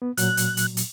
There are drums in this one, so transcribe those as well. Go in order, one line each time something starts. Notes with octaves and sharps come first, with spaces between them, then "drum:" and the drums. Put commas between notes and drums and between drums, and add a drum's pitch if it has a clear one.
B3
A#2 F#3 F#6, drum: hi-hat
drum: hi-hat
drum: hi-hat
drum: hi-hat